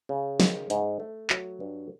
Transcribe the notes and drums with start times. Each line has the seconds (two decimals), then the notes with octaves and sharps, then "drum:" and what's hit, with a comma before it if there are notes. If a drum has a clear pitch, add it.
0.09 C#3
0.40 D#3, drum: snare
0.70 G#2, drum: hi-hat
1.00 A3
1.30 F#3, drum: clap
1.60 G2